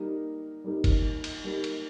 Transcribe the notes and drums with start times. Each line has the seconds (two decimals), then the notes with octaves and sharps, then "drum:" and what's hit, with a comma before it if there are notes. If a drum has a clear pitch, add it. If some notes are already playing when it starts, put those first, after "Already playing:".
Already playing: G3 A#3 D#4 A#4
0.64 G3 A#3 D#4 A#4
0.84 drum: kick G1, cymbal
1.24 drum: cymbal
1.44 G3 A#3 D#4 A#4
1.64 drum: cymbal